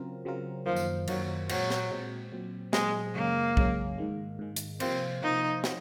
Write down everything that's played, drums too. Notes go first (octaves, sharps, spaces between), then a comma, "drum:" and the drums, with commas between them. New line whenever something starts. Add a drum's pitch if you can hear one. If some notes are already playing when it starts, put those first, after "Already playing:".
Already playing: C#3 F#3 C4 F4 A#4
C#3 F#3 C4 F4 A#4
F#2 D#3 F3 A#3
drum: tambourine
F#2 D#3 F#3 A#3, drum: cymbal
A#2 F#3 G#3 C4 F#4, drum: cymbal
drum: snare
A#2 G#3 C4 F#4
A#2 F#3 C4
A#2 F#3 G#3 C4, drum: snare
F#2 C#3 G#3 A#3 C#4
F#2 C#3 G#3 C#4, drum: kick
G#2 D#3 G#3
G#2 D#3 G#3
drum: hi-hat
C3 F3 A#3 C4 F4 C5, drum: cymbal
C3 F3 A#3 D#4 F4 C5
F3 C4 F#4 C#5, drum: snare